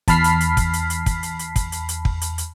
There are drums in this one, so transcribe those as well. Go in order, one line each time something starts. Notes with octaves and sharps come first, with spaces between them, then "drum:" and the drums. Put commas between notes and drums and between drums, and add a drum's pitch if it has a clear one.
E2 A5 B5 F6 B6 C7, drum: kick, hi-hat
drum: hi-hat
drum: hi-hat
drum: kick, hi-hat
drum: hi-hat
drum: hi-hat
drum: kick, hi-hat
drum: hi-hat
drum: hi-hat
drum: kick, hi-hat
drum: hi-hat
drum: hi-hat
drum: kick
drum: hi-hat
drum: hi-hat